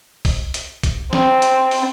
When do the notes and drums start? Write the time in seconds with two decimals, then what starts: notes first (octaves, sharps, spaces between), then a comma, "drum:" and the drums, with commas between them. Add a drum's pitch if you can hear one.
0.25 drum: kick, open hi-hat
0.54 drum: hi-hat
0.83 drum: kick, hi-hat
1.13 C4, drum: snare
1.42 drum: hi-hat
1.71 drum: open hi-hat